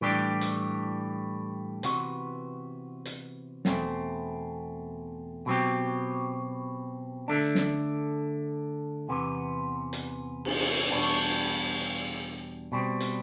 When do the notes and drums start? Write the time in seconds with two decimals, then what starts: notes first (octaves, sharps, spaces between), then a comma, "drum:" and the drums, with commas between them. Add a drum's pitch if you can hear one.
0.01 A2 E3 G3 D4 G4
0.41 drum: hi-hat
1.83 C3 E3 B3 F#4, drum: hi-hat
3.05 drum: hi-hat
3.65 E2 B2 A3 C4, drum: snare
5.46 B2 F#3 C4 G4
7.28 D3 A3 D4
7.55 drum: snare
9.09 E2 C3 E3 B3
9.93 drum: hi-hat
10.45 drum: cymbal
10.60 drum: cymbal
10.91 E2 B2 G3 D4 F#4
12.72 B2 G3 C4
13.00 drum: hi-hat